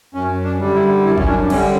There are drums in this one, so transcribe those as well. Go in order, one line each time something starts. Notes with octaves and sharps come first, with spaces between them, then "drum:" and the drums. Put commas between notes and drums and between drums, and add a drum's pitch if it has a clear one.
F#2 C#4
D4
D3 G3
E4
F#2 E4
C#4, drum: kick G1
D4
D3 G3 C#4, drum: cymbal